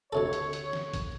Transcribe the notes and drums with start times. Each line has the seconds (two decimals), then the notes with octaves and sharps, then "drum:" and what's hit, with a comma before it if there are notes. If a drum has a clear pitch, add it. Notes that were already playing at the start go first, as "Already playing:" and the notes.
0.13 D2 C3 A4 C#5
0.33 drum: hi-hat
0.53 drum: hi-hat
0.73 drum: snare
0.94 drum: kick, hi-hat